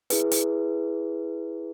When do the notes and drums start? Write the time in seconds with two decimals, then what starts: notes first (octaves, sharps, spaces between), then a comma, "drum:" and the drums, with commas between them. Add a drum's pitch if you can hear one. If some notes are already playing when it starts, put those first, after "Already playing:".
0.10 E4 G#4 B4, drum: hi-hat
0.31 drum: hi-hat